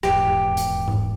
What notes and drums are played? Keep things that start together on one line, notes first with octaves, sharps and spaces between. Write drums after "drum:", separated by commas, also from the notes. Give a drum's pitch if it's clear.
D#1 E2 G#2 G4, drum: rim click
drum: hi-hat
drum: tom G#2